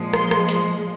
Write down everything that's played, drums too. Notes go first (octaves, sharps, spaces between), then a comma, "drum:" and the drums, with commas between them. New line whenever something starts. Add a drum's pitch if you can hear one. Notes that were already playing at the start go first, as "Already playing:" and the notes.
Already playing: A#2 F3 G#3
C6, drum: rim click
drum: rim click
drum: hi-hat